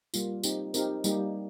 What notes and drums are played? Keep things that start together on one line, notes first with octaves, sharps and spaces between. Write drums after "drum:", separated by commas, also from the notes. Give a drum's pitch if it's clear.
G3 A#3 F4, drum: tambourine
C4 D#4 G4, drum: tambourine
C4 D#4 G4 A#4, drum: tambourine
G3 A#3 D#4 G4, drum: tambourine